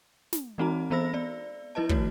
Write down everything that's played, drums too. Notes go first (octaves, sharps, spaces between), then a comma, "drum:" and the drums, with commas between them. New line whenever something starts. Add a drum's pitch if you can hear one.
drum: snare
E3 G#3 C4 D#4 F#4 A#5
E3 B3 C5 B5 E6 A#6
B3 D5
F3 E4 B4 D#5 A5
D#3 F3 A3 F#4 C#5, drum: kick